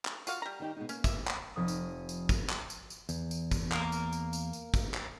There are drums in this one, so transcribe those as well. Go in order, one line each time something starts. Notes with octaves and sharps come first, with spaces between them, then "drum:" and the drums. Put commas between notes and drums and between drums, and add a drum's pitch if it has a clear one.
drum: clap
F4 F#4 F5, drum: tambourine
G3 A#5
D#3 D#4 G4
B2 G#3 D#4
A#3 C#4, drum: tambourine
E5, drum: kick, tambourine
drum: clap
F1 D#6
drum: tambourine
drum: tambourine
drum: kick, tambourine
drum: clap
drum: tambourine
drum: tambourine
E2, drum: tambourine
drum: tambourine
drum: kick, tambourine
A#3 A#4, drum: clap
drum: tambourine
drum: tambourine
drum: tambourine
drum: tambourine
drum: kick, tambourine
drum: clap